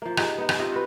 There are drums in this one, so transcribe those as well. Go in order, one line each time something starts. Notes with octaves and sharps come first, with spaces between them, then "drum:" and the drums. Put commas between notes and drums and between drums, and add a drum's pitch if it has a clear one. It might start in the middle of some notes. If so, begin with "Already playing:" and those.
F3 A#3
D#4 G4 G#4 B4, drum: rim click
B3 D#4
drum: rim click
C4 F4 G4 D#5
F#4 B4